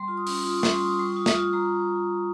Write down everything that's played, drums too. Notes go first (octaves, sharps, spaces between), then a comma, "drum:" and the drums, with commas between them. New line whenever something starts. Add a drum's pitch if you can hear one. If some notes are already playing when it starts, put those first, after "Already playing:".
Already playing: G3 C6
F4
D#6
C#4, drum: open hi-hat
F4 D#6
C#6
G3, drum: snare
C6
F4 D#6
G3 C#6
F4 D#6
D#6, drum: snare
F4 C#6
G3 A#5